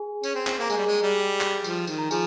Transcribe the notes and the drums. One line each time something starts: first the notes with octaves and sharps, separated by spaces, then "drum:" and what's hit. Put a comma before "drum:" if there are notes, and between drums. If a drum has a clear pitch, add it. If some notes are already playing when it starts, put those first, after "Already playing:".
Already playing: G#4 G#5
C#4, drum: tambourine
C4
C4, drum: clap
A#3 A#5
G#3 G#4 G#5, drum: tambourine
G3
G#3
G3
drum: clap
F3, drum: tambourine
D#3, drum: tambourine
A#5
F3 G#4 G#5, drum: tambourine